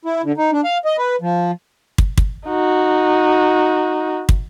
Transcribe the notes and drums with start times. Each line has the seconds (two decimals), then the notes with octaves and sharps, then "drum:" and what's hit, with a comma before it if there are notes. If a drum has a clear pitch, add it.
0.05 E4
0.23 D3
0.37 D#4
0.52 D4
0.64 F5
0.85 D#5
0.98 B4
1.22 F3
1.98 drum: kick
2.18 drum: kick
2.47 D#4 F#4
4.29 drum: kick